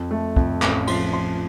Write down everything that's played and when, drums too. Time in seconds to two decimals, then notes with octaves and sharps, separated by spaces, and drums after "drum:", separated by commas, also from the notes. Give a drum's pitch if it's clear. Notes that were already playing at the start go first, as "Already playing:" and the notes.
Already playing: F2
0.11 A3
0.36 F2, drum: kick
0.62 A1 D6, drum: clap
0.87 F3 C6, drum: cymbal
1.13 F3 C6